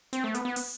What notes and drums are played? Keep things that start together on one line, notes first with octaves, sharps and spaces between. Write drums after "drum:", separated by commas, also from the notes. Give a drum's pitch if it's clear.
C4, drum: hi-hat
A3
B3, drum: hi-hat
B3
drum: open hi-hat